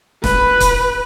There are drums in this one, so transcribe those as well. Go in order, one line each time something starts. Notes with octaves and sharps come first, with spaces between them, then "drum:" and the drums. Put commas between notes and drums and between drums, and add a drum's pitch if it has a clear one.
B4, drum: snare
drum: kick C#1, hi-hat